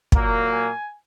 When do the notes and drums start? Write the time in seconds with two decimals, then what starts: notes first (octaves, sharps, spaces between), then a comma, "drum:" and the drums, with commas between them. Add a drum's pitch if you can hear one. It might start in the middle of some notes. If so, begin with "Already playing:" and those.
0.12 A#2 F#3 A#3, drum: kick
0.53 G#5